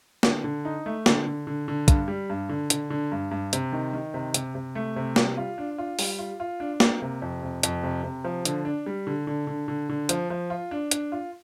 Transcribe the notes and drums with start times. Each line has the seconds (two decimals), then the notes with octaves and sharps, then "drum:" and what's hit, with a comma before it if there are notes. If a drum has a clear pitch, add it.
0.23 D3, drum: snare
0.44 D3
0.65 D#4
0.86 A3
1.06 D3, drum: snare
1.27 D3
1.47 D3
1.68 D3
1.88 G2, drum: kick, hi-hat
2.08 G3
2.30 G2
2.49 D3
2.70 D3, drum: hi-hat
2.90 D3
3.12 G2
3.31 G2
3.53 C3, drum: hi-hat
3.73 D#3
3.93 D#3
4.14 C3
4.34 C3, drum: hi-hat
4.55 C3
4.75 A3
4.96 C3
5.16 G3, drum: snare
5.37 F4
5.58 D4
5.78 F4
5.99 G3, drum: open hi-hat
6.19 F4
6.40 F4
6.60 D4
6.80 A#3, drum: snare
7.02 C3
7.22 F2
7.43 C3
7.63 F2, drum: hi-hat
7.83 C3
8.04 C3
8.24 F3
8.45 D3, drum: hi-hat
8.65 D4
8.86 G3
9.07 D3
9.27 D3
9.47 D3
9.68 D3
9.89 D3
10.09 F3, drum: hi-hat
10.30 F3
10.50 F4
10.71 D4
10.91 D4, drum: hi-hat
11.12 F4